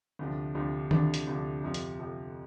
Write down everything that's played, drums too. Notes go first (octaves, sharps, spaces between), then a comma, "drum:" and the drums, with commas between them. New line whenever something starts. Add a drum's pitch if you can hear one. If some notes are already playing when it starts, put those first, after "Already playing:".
D2 C3 F3 D4
D2 C3 F3 D4
D2 C3 F3 D4, drum: tom D#3
drum: hi-hat
D2 C3 F3 D4
F2 C3 F3
drum: hi-hat
F2 C3 F3